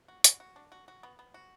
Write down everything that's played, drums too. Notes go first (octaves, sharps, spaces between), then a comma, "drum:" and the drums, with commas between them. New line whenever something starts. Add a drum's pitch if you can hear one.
F#4
F#4, drum: hi-hat
F#4
D4
F#4
F#4
B3
B3
F#4